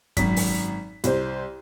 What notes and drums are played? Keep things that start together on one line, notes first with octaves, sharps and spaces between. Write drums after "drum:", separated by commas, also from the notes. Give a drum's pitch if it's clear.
G#1 F#2 B6, drum: kick, hi-hat
drum: open hi-hat
C2 C5, drum: hi-hat